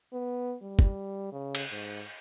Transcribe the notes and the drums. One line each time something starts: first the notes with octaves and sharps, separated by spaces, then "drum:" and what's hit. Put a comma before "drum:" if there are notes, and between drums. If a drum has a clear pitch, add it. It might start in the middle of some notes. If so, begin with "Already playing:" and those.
B3
G3
drum: kick
C#3
drum: cymbal
G#2